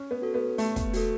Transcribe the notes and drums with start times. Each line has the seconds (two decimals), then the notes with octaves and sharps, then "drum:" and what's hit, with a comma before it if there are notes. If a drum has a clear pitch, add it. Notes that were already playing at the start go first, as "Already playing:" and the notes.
Already playing: C#4
0.11 B3
0.22 F#4 A4
0.34 B3
0.58 A3 B3, drum: open hi-hat
0.76 drum: kick, hi-hat
0.93 F#4 A4, drum: open hi-hat